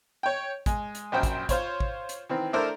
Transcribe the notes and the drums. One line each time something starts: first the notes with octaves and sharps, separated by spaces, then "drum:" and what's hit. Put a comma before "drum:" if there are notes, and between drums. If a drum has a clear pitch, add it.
C#5 G5
G#3, drum: kick, hi-hat
drum: hi-hat
A#1 F#2 C5 G5
drum: kick, hi-hat
F4 C5 C#5, drum: kick, hi-hat
drum: kick
drum: hi-hat
D#3 E3 C4
A3 D4 E4 A4 A#4 C5